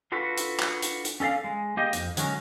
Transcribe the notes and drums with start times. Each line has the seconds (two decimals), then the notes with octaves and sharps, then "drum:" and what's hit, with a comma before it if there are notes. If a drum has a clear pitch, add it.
0.12 D4 F4 F#4 A4 B4
0.37 drum: hi-hat
0.60 drum: clap
0.82 drum: hi-hat
1.05 drum: hi-hat
1.20 C#4 A4 D5 F5
1.44 G#3
1.77 A#3 G4 D#5
1.93 F2, drum: hi-hat
2.17 D3 F#3 G#3 C#4, drum: hi-hat